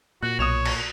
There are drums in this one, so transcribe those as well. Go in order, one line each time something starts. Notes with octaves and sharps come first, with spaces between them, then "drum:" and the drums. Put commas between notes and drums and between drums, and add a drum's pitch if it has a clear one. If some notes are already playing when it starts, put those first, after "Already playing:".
A#2 F#4 F#6
B1 C#5 D#6 E7 F7
drum: cymbal